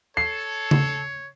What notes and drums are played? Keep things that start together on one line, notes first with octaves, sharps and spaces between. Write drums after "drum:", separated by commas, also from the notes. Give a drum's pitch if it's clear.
A4 C#5 C7
drum: tom C#3